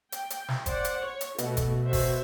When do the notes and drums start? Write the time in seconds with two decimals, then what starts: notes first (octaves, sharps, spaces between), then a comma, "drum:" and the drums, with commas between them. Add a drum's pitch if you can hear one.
0.12 G5, drum: hi-hat
0.30 drum: hi-hat
0.48 drum: snare
0.66 C5 D5 F#5, drum: kick F1, hi-hat
0.85 drum: hi-hat
1.00 C#5
1.21 drum: hi-hat
1.38 B2 A3 F#4, drum: hi-hat
1.57 drum: kick F1, hi-hat
1.83 F#4 C5 E5
1.93 drum: kick F1, open hi-hat